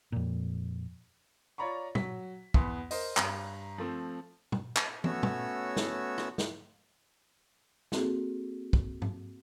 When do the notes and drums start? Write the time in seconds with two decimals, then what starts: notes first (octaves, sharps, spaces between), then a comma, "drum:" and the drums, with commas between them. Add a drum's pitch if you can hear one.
0.12 F2 A#2
1.58 F4 C#5 D5 A#5 B5 C#6
1.95 F#3 B6, drum: tom
2.54 E2 B3 C6, drum: kick
2.91 A#4 C5 D#5, drum: open hi-hat
3.17 G2 A#5, drum: clap
3.78 F3 A3 C4
4.52 drum: tom
4.76 drum: clap
5.04 A3 B3 C#4 F#4 C#5 E6, drum: tom
5.23 drum: tom
5.77 drum: snare
6.18 drum: rim click
6.38 drum: snare
7.92 A#3 C4 F#4 G#4 A4, drum: snare
8.73 drum: kick
9.02 drum: tom G#2